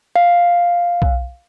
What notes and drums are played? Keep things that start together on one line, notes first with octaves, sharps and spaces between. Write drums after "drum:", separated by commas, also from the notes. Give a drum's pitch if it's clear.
F5
drum: kick B1